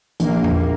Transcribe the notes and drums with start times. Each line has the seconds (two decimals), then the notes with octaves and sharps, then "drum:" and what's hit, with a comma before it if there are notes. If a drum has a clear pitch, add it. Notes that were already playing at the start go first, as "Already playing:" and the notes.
0.20 A#1 A#3, drum: hi-hat
0.44 drum: tom E2